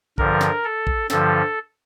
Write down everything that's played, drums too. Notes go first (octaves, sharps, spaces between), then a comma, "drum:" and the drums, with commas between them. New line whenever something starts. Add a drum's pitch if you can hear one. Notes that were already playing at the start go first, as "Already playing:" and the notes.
G2 D3 F3 A#4, drum: kick
drum: snare
A4
drum: kick
G2 D3 F3 A4, drum: snare